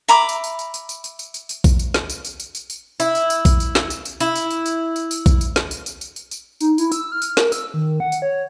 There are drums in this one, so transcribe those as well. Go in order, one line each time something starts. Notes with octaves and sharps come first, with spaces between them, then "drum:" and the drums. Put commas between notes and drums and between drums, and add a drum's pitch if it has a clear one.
E5 A#5 B5 D6
drum: tambourine
drum: tambourine
drum: tambourine
drum: tambourine
drum: tambourine
drum: tambourine
drum: tambourine
drum: tambourine
drum: tambourine
drum: kick A#1, tambourine
drum: tambourine
drum: snare
drum: tambourine
drum: tambourine
drum: tambourine
drum: tambourine
drum: tambourine
E4, drum: tambourine
drum: tambourine
drum: tambourine
drum: kick A#1, tambourine
drum: tambourine
drum: snare
drum: tambourine
drum: tambourine
E4, drum: tambourine
drum: tambourine
drum: tambourine
drum: tambourine
drum: tambourine
drum: tambourine
drum: kick A#1, tambourine
drum: tambourine
drum: snare
drum: tambourine
drum: tambourine
drum: tambourine
drum: tambourine
drum: tambourine
D#4, drum: tambourine
E4, drum: tambourine
E6, drum: tambourine
F6
drum: tambourine
A#4, drum: snare
E6, drum: tambourine
D#3
F#5
drum: tambourine
C#5